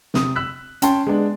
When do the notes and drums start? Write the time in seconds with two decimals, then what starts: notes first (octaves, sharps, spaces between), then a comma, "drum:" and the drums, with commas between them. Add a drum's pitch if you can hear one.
0.14 C3 D#6, drum: snare
0.36 E6 F#6 B6
0.82 C#4 G5 A5 C6, drum: hi-hat
1.07 G#3 B3 D4